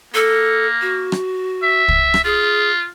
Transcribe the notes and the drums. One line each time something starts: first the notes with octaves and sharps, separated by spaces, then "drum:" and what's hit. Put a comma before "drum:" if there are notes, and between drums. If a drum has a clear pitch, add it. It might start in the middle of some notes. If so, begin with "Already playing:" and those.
A#3 A4
F#4
drum: rim click
E5
drum: kick
drum: rim click
F4 G#4